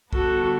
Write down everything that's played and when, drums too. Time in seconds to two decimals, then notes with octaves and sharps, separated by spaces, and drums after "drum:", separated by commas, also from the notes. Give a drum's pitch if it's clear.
0.13 D3 G3 B3 F#4 A4, drum: kick